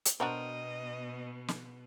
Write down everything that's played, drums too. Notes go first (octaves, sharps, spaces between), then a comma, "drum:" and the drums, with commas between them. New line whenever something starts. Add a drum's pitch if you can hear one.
drum: hi-hat
B2 B3 D4 F#4 A#4 C5 D#5 G5
drum: snare